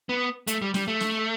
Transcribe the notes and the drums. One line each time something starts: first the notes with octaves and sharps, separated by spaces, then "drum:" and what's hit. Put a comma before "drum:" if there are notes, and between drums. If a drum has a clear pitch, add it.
B3
A3, drum: hi-hat
G3
G3, drum: snare
A3
drum: snare